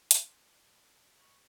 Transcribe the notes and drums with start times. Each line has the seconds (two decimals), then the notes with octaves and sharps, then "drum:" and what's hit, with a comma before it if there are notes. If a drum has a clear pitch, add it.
0.11 drum: hi-hat
0.22 C5 F#5
0.39 D4
1.18 D#5 B5 C#6